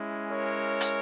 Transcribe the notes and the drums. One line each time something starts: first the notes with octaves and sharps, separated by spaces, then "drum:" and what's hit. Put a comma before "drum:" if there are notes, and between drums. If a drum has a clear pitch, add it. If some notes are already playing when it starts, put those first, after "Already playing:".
Already playing: G#3 C#4 E4
A#4 C#5
drum: hi-hat